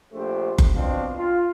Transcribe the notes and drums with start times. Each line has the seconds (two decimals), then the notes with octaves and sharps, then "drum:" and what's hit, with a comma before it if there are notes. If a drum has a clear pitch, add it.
0.12 A#1 A3 G4 C5
0.58 drum: kick F#1
0.75 B2 C4 D4 F4
1.17 F4